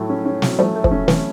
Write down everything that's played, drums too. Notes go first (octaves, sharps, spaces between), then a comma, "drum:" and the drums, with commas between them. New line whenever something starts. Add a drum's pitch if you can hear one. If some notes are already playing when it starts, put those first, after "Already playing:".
Already playing: A2 F#3 A3
C#4
C#4
F#3, drum: snare
F3 G3 A3
A3
F3, drum: kick
C#4
E3 A3, drum: snare